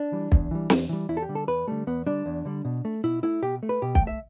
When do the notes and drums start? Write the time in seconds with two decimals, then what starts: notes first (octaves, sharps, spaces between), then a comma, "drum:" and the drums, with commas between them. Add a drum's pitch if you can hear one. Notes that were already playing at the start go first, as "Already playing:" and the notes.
Already playing: D4
0.12 E3 G3
0.32 E2, drum: kick
0.51 E3 G3
0.70 E2, drum: snare
0.89 E3 G3
1.09 E2 E4
1.17 A4
1.22 G4
1.29 D3 G3
1.35 A4
1.47 E2 B4
1.68 D3 G3 A3
1.87 E2 B3
2.07 D3 G3 D4
2.26 E2
2.45 D3 G3
2.65 B2
2.85 A3
3.04 B2 E4
3.23 A3 E4
3.43 B2 G4
3.63 A3
3.69 B4
3.82 B2 G4
3.95 G5, drum: kick
4.01 A3
4.07 E5